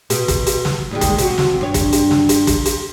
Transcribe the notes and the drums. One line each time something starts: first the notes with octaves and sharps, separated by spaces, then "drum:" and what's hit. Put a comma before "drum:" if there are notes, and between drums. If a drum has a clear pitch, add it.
B2, drum: hi-hat
drum: kick, hi-hat
drum: hi-hat
drum: snare
D#2 G3 G#3
drum: kick, hi-hat
C3 F#4, drum: hi-hat
drum: snare
G2 C#5
drum: kick, hi-hat
drum: hi-hat
drum: snare
drum: hi-hat
drum: kick, hi-hat
drum: hi-hat